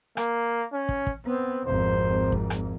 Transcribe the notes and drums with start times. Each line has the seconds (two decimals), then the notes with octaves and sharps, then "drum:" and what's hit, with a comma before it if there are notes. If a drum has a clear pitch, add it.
0.17 A#3, drum: rim click
0.73 C#4
0.89 drum: kick
1.07 drum: kick
1.26 B3 C4
1.64 G#1 F2 C5
2.32 drum: kick
2.50 drum: rim click